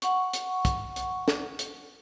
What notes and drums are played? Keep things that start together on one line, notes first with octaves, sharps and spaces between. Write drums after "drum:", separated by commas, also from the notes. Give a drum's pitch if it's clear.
F#5 C#6, drum: hi-hat
drum: hi-hat
drum: kick, hi-hat
drum: hi-hat
drum: snare
drum: hi-hat